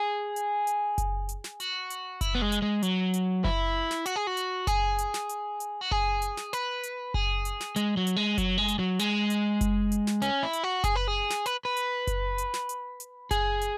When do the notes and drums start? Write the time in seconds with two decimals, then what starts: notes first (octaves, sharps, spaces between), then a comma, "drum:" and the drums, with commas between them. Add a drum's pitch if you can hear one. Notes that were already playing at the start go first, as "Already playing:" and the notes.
Already playing: G#4
0.36 drum: hi-hat
0.67 drum: hi-hat
0.98 drum: kick F#1, hi-hat
1.29 drum: hi-hat
1.44 drum: snare
1.60 F#4, drum: hi-hat
1.90 drum: hi-hat
2.21 E4, drum: kick F#1, hi-hat
2.35 B3
2.42 G#3
2.52 drum: hi-hat
2.62 G#3
2.83 F#3, drum: hi-hat
3.14 drum: hi-hat
3.44 E4, drum: kick F#1
3.91 drum: snare
4.06 F#4, drum: hi-hat
4.16 G#4
4.27 F#4
4.37 drum: hi-hat
4.67 G#4, drum: kick F#1, hi-hat
4.98 drum: hi-hat
5.14 drum: snare
5.29 drum: hi-hat
5.60 drum: hi-hat
5.81 F#4
5.91 G#4, drum: kick F#1
6.22 drum: hi-hat
6.37 drum: snare
6.53 B4, drum: hi-hat
6.83 drum: hi-hat
7.14 G#4, drum: kick F#1
7.45 drum: hi-hat
7.60 drum: snare
7.76 G#3, drum: hi-hat
7.97 F#3
8.07 drum: hi-hat
8.16 G#3
8.38 F#3, drum: kick F#1, hi-hat
8.58 G#3
8.68 drum: hi-hat
8.79 F#3
8.99 G#3, drum: hi-hat
9.30 drum: hi-hat
9.61 drum: kick F#1, hi-hat
9.92 drum: hi-hat
10.07 drum: snare
10.22 C#4, drum: hi-hat
10.43 E4
10.53 drum: hi-hat
10.64 F#4
10.84 G#4, drum: kick F#1, hi-hat
10.96 B4
11.08 G#4
11.30 drum: snare
11.46 B4, drum: hi-hat
11.65 B4
11.77 drum: hi-hat
12.07 drum: kick F#1, hi-hat
12.38 drum: hi-hat
12.54 drum: snare
12.69 drum: hi-hat
13.00 drum: hi-hat
13.31 G#4, drum: kick F#1, hi-hat
13.61 drum: hi-hat